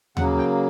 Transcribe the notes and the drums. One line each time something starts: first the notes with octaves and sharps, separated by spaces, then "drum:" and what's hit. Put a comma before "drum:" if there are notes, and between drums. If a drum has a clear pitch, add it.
C#3 F#3 A#3 F#5, drum: tom D#2
G5